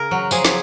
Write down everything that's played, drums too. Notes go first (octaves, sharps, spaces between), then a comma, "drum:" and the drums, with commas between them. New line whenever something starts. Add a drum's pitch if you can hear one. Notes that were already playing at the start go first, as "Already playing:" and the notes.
Already playing: C#3 G#4 A#4
F#3
F3 G#4, drum: tambourine
drum: snare